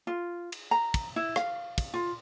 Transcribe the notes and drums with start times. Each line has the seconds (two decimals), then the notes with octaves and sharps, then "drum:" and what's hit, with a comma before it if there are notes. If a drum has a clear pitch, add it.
0.07 F4
0.52 drum: cymbal
0.71 A#5
0.94 drum: kick, cymbal
1.16 E4
1.36 F5, drum: rim click
1.78 drum: kick, cymbal
1.94 F4